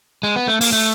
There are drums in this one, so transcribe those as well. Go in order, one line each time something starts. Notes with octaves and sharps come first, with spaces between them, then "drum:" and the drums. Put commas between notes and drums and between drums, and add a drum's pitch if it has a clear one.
G#3
B3
A3
A#3, drum: open hi-hat
A3